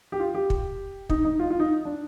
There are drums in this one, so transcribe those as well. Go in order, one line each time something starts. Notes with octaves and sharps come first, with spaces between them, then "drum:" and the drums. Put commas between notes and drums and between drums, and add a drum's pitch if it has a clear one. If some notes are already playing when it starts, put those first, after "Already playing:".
G4
F4
G4
drum: kick
D#4, drum: kick
D#4
F4
F4
D#4
D4